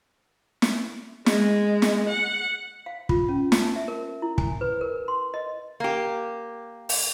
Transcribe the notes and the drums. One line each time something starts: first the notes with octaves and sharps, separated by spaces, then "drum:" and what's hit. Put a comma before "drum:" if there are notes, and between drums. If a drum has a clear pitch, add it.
drum: snare
G#3, drum: snare
drum: snare
F#5
F5
F4, drum: kick
C#4
A5, drum: snare
E5
A#4
E4
G#5, drum: kick
B4
A#4
C6
D#5
A#3 G4
drum: open hi-hat